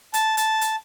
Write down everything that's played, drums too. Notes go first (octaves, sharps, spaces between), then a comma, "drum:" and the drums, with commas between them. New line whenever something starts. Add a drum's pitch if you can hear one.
A5, drum: hi-hat
A5, drum: hi-hat
drum: hi-hat